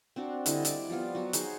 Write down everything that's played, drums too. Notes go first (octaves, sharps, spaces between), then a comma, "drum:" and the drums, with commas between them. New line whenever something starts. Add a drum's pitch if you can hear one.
C4 D4 F#4
D3 G3 E4 D#5, drum: hi-hat
E4 D5, drum: hi-hat
F3 G3 B3 F4
F#3 B3 F#4
D#4 G#4 C5 C#5, drum: hi-hat